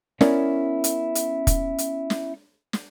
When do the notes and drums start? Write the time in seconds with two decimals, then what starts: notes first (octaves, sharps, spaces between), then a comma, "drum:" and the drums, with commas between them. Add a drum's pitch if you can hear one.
0.21 B3 C#4 E4 A#4 C#5 D5, drum: snare
0.84 drum: hi-hat
1.15 drum: hi-hat
1.47 drum: kick, hi-hat
1.78 drum: hi-hat
2.10 drum: snare
2.73 drum: snare